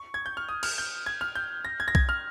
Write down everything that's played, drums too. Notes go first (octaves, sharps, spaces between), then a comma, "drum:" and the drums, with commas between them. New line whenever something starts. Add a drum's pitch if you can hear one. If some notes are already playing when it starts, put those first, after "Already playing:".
Already playing: C#6
G#6
G6
F6
D#6
F6, drum: cymbal
G6
G#6
F6
G6
A#6
G#6
A#6
G#6, drum: kick
F6